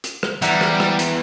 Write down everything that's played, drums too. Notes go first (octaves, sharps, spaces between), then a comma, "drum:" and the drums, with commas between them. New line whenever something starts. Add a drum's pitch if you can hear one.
drum: hi-hat
drum: rim click
E2 E3 G3 E5 F#5 A#5, drum: hi-hat
drum: rim click
drum: rim click
drum: hi-hat